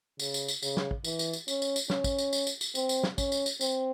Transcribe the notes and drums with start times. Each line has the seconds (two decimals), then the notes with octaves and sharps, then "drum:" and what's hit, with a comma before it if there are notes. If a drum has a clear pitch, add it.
0.19 C#3, drum: tambourine
0.34 drum: tambourine
0.48 drum: tambourine
0.62 C#3, drum: tambourine
0.77 drum: snare
0.91 drum: kick
1.04 E3, drum: tambourine
1.19 drum: tambourine
1.33 drum: tambourine
1.48 C#4, drum: tambourine
1.62 drum: tambourine
1.76 drum: tambourine
1.90 C#4, drum: snare
2.04 drum: kick, tambourine
2.18 drum: tambourine
2.33 drum: tambourine
2.47 drum: tambourine
2.61 drum: tambourine
2.75 C4, drum: tambourine
2.89 drum: tambourine
3.03 drum: snare
3.18 C#4, drum: kick, tambourine
3.32 drum: tambourine
3.46 drum: tambourine
3.61 C4, drum: tambourine